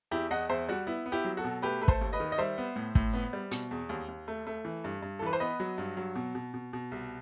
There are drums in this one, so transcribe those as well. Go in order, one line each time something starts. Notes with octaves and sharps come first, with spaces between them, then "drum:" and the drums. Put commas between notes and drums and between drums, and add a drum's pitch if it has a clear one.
E2 E4 G4
E2 D#5 F#5
E2 C5 E5
G3 F#4
B3 E4
B3
E4 G4
F#3
F#4 A4
B2
A3 G4 B4
A3 B4
A4 C5, drum: kick
D#2
B4 D#5
D#3
D#5
G3 C5 E5
B3
A2
A2, drum: kick
B3
G3
B2, drum: hi-hat
E2
D#2
D#2
A3
A3
E3
G2
G2
A4
E3 B4
C5
B3 B4 D#5
F#3
G2
F#3
B2
B2
B2
B2
C2